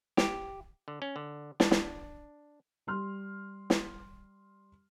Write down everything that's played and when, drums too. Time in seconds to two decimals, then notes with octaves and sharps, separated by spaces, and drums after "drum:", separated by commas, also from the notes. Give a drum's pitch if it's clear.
0.17 G4, drum: snare
0.88 D3
1.02 C#4
1.16 D3
1.60 D4, drum: snare
1.71 drum: snare
2.87 G3 C6 F6
3.70 drum: snare